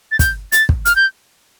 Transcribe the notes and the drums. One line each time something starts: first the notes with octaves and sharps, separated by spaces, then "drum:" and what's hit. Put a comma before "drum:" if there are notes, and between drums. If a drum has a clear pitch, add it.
A6
G6, drum: kick, hi-hat
A6, drum: hi-hat
drum: kick
F6, drum: hi-hat
G6